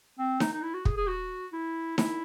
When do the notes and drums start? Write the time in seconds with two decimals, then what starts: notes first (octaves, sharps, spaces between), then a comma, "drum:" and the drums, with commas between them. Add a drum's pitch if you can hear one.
0.19 C4
0.40 D#4, drum: snare D#4
0.53 D#4
0.62 E4
0.74 F#4
0.85 G#4, drum: kick
0.97 G#4
1.07 F#4
1.53 E4
1.98 E4, drum: snare D#4